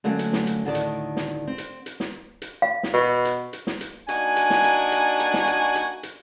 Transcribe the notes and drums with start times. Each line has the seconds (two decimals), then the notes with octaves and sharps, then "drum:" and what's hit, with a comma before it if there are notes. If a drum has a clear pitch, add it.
0.04 D3 F#3 A3 A#3 C#4
0.19 drum: hi-hat
0.33 drum: snare
0.47 drum: hi-hat
0.65 D2 A2 D3 D#3 D5 A5
0.75 drum: hi-hat
1.16 drum: snare
1.47 C4
1.58 drum: hi-hat
1.86 drum: hi-hat
2.00 drum: snare
2.42 drum: hi-hat
2.62 F5
2.83 drum: snare
2.93 B2
3.25 drum: hi-hat
3.53 drum: hi-hat
3.67 drum: snare
3.81 drum: hi-hat
4.09 A#3 D4 D#4 F#4 G#5, drum: hi-hat
4.36 drum: hi-hat
4.50 drum: snare
4.64 drum: hi-hat
4.92 drum: hi-hat
5.20 drum: hi-hat
5.34 drum: snare
5.48 drum: hi-hat
5.75 drum: hi-hat
6.03 drum: hi-hat